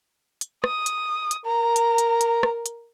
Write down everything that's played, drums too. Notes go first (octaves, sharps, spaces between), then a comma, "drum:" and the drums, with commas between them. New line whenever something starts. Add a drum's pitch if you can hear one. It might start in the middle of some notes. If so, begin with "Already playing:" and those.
drum: hi-hat
D#6, drum: rim click
drum: hi-hat
drum: hi-hat
A#4 A#5
drum: hi-hat
drum: hi-hat
drum: hi-hat
drum: rim click
drum: hi-hat